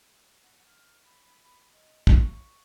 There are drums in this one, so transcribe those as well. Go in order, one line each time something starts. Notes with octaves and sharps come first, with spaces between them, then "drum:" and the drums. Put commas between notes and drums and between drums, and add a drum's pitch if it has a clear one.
F#5
F6
B5
D#5
drum: kick
C#6